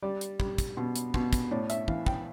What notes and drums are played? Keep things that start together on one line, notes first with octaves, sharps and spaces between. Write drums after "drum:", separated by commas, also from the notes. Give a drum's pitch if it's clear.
G3 D5
drum: hi-hat
G3, drum: kick
drum: kick, hi-hat
B2
drum: hi-hat
B2, drum: kick
drum: kick, hi-hat
A2 D5
E5, drum: hi-hat
E3 F5, drum: kick
G5, drum: kick